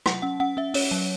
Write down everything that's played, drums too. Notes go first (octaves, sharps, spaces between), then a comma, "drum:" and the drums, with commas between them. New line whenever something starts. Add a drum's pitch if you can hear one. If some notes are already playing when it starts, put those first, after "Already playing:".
F#3 F#5, drum: rim click
C#4 F#5
C#4 F#5
C#4 E5
C#4 C#5, drum: open hi-hat
F#3